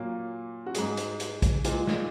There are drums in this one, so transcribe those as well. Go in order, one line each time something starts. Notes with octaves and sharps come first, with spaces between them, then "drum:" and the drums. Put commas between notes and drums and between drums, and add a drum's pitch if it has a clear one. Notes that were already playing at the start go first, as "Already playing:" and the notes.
Already playing: A#2 F#3 A#3
F#4
G#2 G#3 G#4, drum: hi-hat
drum: hi-hat
drum: hi-hat
drum: kick, hi-hat
A#2 G#3, drum: hi-hat
drum: snare